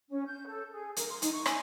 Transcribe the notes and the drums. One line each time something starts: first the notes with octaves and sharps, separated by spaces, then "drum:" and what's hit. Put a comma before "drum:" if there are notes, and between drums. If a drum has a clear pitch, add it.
C#4
G6
A4
G#4
A#4, drum: hi-hat
C6
D#4, drum: hi-hat
C#6
G#5, drum: rim click